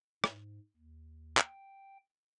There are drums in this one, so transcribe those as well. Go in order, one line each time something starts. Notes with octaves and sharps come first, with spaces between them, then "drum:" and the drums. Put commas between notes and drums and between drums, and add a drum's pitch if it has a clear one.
G#2, drum: rim click
D#2
G5, drum: clap